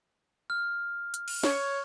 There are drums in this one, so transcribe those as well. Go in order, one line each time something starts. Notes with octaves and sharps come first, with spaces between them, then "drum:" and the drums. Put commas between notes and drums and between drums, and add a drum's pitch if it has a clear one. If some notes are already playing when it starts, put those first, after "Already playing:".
F6
drum: hi-hat
drum: cymbal
C#5, drum: snare